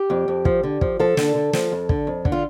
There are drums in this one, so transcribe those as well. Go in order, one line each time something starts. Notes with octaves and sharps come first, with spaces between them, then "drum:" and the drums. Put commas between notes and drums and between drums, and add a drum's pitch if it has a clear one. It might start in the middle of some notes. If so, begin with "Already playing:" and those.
Already playing: G4
F2
F2
F3, drum: kick
D3
F3, drum: kick
F3 A4
D3, drum: snare
D3
F3, drum: snare
F2
D3, drum: kick
F2
D3, drum: kick
F4